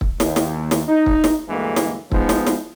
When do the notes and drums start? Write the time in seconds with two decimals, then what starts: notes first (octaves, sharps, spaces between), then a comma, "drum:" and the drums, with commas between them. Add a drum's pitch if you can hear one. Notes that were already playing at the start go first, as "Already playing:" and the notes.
0.01 drum: kick
0.20 D#2, drum: snare
0.36 drum: snare
0.71 drum: snare
0.88 D#4
1.06 drum: kick
1.24 drum: snare
1.48 D2 G2 D3 E3 G#3 A#3
1.76 drum: snare
2.11 F3 G#3 B3 D#4, drum: kick
2.29 drum: snare
2.47 drum: snare